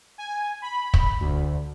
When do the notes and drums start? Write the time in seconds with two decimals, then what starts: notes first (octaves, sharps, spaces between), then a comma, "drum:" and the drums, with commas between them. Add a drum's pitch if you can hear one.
0.18 G#5
0.62 B5
0.94 drum: kick
1.20 D2